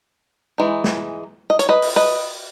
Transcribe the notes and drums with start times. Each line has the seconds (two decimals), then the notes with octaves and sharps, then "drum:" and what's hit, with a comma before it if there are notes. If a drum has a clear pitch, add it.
0.58 E3 G#3 D#4
0.84 drum: snare
1.50 D#5
1.59 C#5, drum: hi-hat
1.69 B4 D#5
1.82 drum: open hi-hat
1.96 B4 D#5